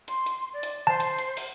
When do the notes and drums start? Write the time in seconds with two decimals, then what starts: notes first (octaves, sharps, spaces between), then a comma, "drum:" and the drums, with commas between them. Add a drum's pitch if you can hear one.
0.08 C6, drum: hi-hat
0.26 drum: hi-hat
0.53 D5
0.63 drum: hi-hat
0.87 C5 A5
1.00 drum: hi-hat
1.18 drum: hi-hat
1.37 drum: open hi-hat